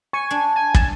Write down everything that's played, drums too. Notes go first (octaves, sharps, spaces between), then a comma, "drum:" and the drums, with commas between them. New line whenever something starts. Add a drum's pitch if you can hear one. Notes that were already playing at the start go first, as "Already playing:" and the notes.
G#5 C#6
D4
G#5
A5, drum: kick